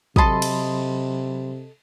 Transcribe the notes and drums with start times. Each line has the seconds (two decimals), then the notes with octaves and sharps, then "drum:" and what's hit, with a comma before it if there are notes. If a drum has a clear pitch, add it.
0.16 C3 F#3 A4 D#5 B5 C6, drum: kick
0.42 drum: cymbal